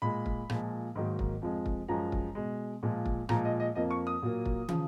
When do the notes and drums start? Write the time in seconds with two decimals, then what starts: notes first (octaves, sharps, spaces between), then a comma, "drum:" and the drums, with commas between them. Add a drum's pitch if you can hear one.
0.02 A#2 G#3 B5
0.26 drum: kick
0.50 A#2 F3 G#3, drum: rim click
0.95 G#2 D#3 F#3 A#3
1.19 drum: kick
1.42 F2 F3 G#3
1.66 drum: kick
1.88 F#2 F3 G#3 A#5
2.12 drum: kick
2.35 B2 G#3
2.83 A#2 F3 G#3
3.06 drum: kick
3.29 A#2 F3 G#3 A#5, drum: rim click
3.45 D#5
3.60 D#5
3.75 F2 F3 A#3 D#5
3.91 C#6
4.07 D#6
4.22 A#2 F#3 A#3
4.46 drum: kick
4.68 C#3 F3, drum: tom